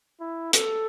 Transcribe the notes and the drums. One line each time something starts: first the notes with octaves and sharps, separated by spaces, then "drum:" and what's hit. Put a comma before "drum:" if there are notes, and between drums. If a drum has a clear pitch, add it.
E4
A4, drum: hi-hat